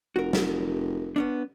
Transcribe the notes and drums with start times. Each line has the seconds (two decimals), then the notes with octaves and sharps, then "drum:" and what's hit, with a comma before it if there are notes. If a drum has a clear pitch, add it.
0.16 F1 F#4 A#4
0.33 drum: snare
1.16 B3 C#4 D4